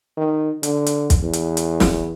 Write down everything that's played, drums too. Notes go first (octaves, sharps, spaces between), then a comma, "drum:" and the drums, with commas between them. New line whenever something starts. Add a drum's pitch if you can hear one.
D#3
D3, drum: hi-hat
drum: hi-hat
drum: kick, hi-hat
E2
drum: hi-hat
drum: hi-hat
drum: snare